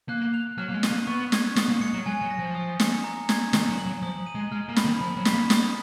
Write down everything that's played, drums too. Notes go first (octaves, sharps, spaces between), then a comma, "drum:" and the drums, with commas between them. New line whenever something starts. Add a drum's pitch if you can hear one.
A#3 F#6
F7
F#3 F6
A#3
G#3
D#7, drum: snare
A#3
B3 C#6
G#6, drum: snare
B3 D#6, drum: snare
A#3
G#3 C#7
F#3
G#3 G#5
F#3
A#6
F3
D#6
C#7, drum: snare
A#5
G#6, drum: snare
D#3 G#6, drum: snare
F#3
F#7
F#3
F3 D#6
D#7
G#3
G#3 F6
A#3
B5, drum: snare
D#3
F3 B5
F#3
B6, drum: snare
A#3
D#6, drum: snare